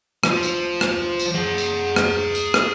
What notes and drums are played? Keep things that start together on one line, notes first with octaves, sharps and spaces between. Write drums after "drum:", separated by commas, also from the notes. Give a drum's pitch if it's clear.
F3, drum: rim click
drum: tambourine
drum: rim click
drum: tambourine
G#4 F#5
drum: tambourine
drum: rim click
drum: tambourine
drum: rim click